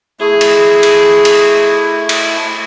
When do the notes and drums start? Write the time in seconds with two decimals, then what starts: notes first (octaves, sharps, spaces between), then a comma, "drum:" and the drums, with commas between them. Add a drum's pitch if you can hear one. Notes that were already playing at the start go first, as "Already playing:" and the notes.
0.20 A3 E4 G#4
0.41 drum: cymbal
0.83 drum: cymbal
1.25 drum: cymbal
2.09 drum: cymbal